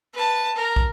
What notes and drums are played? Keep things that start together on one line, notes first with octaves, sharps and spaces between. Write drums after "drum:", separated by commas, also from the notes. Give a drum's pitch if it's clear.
B4 A5
A#4
drum: kick